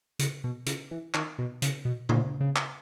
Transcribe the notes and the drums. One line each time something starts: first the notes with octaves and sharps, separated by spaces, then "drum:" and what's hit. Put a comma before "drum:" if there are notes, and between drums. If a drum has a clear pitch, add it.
C#3, drum: hi-hat
B2
C#3, drum: hi-hat
E3
D#3, drum: clap
B2
C#3, drum: hi-hat
B2
A#2, drum: tom
C#3
drum: clap